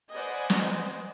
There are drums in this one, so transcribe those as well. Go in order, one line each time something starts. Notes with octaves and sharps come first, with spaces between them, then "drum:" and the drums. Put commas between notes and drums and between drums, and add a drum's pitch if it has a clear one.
B4 C5 D5 D#5 F#5 G#5
drum: snare